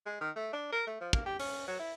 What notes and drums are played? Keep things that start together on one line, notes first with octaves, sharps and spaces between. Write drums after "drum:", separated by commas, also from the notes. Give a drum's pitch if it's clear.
G#3
D#3
A3
D4
A#4
A3
F3
A#3, drum: kick
G4
C#4, drum: open hi-hat
F#3
E4